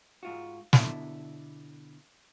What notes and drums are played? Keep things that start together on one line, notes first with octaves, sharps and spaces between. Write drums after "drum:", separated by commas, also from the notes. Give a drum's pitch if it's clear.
G#2 F4 F#4
B2 D3 E4 A4, drum: snare